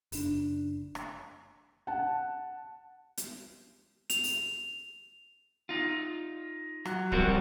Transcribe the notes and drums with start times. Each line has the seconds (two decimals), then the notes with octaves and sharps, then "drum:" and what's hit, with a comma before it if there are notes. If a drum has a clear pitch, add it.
0.12 F#1 D4, drum: open hi-hat
0.95 drum: rim click
1.87 F#5 A5
3.17 drum: hi-hat
4.10 F7, drum: hi-hat
4.24 drum: open hi-hat
5.69 D#4 F4
6.85 F#3, drum: rim click
7.12 F3 G3 C4 F4 F#4 A#4, drum: kick